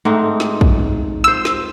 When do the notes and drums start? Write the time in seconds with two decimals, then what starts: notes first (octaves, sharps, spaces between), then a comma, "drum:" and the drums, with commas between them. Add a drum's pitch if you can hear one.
0.05 G#2 A3 C4 D#4
0.40 drum: snare
0.61 drum: kick
1.24 F4 C5 E6
1.45 drum: snare